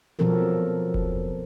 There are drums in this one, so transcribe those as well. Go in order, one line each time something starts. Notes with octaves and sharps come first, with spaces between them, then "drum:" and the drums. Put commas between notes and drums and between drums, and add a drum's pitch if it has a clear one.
B2 F3 F#3 C4 A4 A#4
drum: kick F1